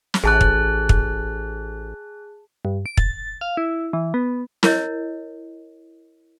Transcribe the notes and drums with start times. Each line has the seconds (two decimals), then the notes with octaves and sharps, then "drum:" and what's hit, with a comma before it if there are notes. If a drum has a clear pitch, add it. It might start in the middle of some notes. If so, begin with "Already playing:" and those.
0.14 drum: snare
0.24 A1 G#4 A5 F#6
0.41 drum: kick
0.89 drum: kick
2.65 G2
2.86 D7
2.97 A6, drum: kick
3.41 F5
3.57 E4
3.93 E3
4.14 B3
4.63 E4 A#4 C#5 D#5, drum: snare